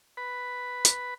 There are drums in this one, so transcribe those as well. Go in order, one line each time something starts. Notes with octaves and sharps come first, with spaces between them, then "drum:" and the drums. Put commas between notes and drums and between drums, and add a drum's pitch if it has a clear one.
B4 B5
drum: hi-hat